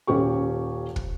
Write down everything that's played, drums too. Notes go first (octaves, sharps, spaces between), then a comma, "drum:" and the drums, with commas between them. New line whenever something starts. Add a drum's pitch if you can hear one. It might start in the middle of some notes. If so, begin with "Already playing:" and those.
D#1 C#4 G4 C#6
drum: kick